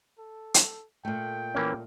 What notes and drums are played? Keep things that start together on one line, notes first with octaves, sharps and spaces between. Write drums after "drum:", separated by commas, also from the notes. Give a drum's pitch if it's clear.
A4
drum: hi-hat
A#2 A3 G5
E3 A#3 C#4